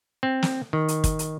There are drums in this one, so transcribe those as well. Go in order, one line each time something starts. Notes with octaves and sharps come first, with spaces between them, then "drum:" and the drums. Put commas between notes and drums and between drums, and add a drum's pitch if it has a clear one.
C4
drum: snare
D#3
drum: hi-hat
drum: kick, hi-hat
drum: hi-hat